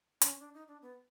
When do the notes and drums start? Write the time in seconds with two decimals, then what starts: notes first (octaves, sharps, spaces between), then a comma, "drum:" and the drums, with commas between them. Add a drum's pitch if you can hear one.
0.22 C#4, drum: hi-hat
0.40 D4
0.54 D#4
0.68 D4
0.82 B3